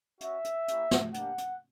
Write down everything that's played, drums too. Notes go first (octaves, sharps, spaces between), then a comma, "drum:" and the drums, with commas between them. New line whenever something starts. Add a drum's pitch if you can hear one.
C#4 F#4 E5, drum: hi-hat
drum: hi-hat
A#3 C#4 E4 G4, drum: hi-hat
drum: snare
A#3 D4 G4 F#5, drum: hi-hat
drum: hi-hat